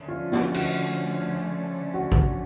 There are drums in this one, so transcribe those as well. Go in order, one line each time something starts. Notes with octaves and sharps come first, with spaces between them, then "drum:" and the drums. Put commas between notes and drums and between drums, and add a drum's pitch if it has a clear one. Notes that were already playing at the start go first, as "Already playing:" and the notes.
Already playing: D3 F3 A3 C#4
F4
F#4, drum: snare
F#4, drum: cymbal
F#4
drum: kick A1